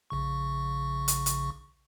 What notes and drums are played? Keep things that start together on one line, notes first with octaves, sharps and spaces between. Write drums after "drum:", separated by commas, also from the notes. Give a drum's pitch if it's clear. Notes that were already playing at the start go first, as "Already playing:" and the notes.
A#1 C#3 C#6
drum: hi-hat
drum: hi-hat